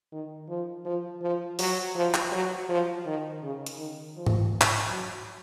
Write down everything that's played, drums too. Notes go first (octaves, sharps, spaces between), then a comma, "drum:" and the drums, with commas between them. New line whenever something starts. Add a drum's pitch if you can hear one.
D#3
F3
F3
F3
F#3, drum: open hi-hat
F3
drum: clap
F#3
F3
D#3
C#3
drum: hi-hat
D#3
F3
drum: tom G#2
drum: clap
F#3